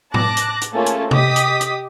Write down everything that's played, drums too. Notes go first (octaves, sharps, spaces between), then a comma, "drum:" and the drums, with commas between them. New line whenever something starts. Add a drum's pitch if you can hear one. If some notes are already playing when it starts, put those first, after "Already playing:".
A5 D6 F#6 A#6, drum: tom A2
drum: hi-hat
drum: hi-hat
A3 A#3 C#4 F4 G#4 A5
drum: hi-hat
G4 D#5 D6 D#6 B6, drum: tom C3
drum: hi-hat
drum: hi-hat